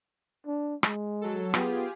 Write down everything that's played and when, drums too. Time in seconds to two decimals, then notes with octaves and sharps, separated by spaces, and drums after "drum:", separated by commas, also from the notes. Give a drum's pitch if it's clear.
0.47 D4
0.83 G#3, drum: rim click
1.21 F#3 A4
1.54 B3 F4 G4 G#4, drum: rim click